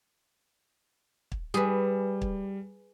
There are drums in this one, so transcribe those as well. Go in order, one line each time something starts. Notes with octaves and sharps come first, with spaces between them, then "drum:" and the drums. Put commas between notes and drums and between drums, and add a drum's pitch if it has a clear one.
drum: kick
G3 G#4 B4
drum: kick